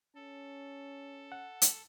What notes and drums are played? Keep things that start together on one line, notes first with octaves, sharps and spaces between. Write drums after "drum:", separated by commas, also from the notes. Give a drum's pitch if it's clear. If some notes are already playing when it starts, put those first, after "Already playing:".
C#4 A4
F#5
drum: hi-hat